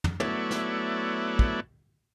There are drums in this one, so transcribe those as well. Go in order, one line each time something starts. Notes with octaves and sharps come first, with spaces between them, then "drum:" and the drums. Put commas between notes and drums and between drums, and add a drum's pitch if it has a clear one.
drum: tom
F#3 A3 B3 E4 C#5 D5, drum: tom
drum: snare
drum: kick